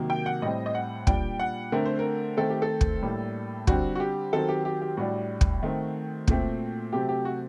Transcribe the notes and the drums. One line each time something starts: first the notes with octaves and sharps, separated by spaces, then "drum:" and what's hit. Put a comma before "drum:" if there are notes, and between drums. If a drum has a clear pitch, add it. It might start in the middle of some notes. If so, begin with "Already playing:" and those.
Already playing: C3 D#3 F#3 A#3
G5
F#5
A2 G3 C4 D#5
D#5
F#5
A#2 G3 D4 G5, drum: kick
F#5
D3 A3 C4 A#4
C5
A#4
D#3 A3 C4 A4
G4
A4
drum: kick
A2 G3 A#3 D4
D3 G3 C4 F#4, drum: kick
F#4
G4
D#3 F#3 C4 A4
G4
G4
G4
A2 G3 D4 F#4
drum: kick
D#3 A3 C4
A#2 A3 C4, drum: kick
C3 F#3 A3 C4 G4
G4
F#4